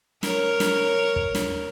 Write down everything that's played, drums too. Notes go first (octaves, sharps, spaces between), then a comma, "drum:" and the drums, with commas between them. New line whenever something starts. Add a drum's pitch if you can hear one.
A#4 C#5, drum: snare
drum: snare
drum: kick
drum: snare